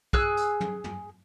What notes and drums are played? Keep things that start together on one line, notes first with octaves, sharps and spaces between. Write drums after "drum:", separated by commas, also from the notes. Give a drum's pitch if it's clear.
G#4 E6 F#6, drum: kick
drum: hi-hat
drum: tom
drum: tom